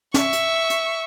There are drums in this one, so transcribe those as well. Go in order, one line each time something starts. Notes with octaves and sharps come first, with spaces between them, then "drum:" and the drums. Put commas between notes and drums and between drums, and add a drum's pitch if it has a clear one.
E5 C#6, drum: snare
drum: hi-hat
drum: hi-hat